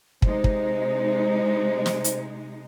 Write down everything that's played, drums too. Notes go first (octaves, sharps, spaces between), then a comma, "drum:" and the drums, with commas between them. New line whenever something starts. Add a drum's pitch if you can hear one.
C3 G#3 D#4 C5, drum: kick
drum: kick
drum: snare
drum: hi-hat